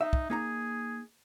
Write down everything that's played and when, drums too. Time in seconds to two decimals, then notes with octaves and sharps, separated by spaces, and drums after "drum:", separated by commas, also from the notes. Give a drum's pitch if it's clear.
0.01 D#4 E5
0.13 drum: kick
0.30 A#3 D#4 G#4 A#5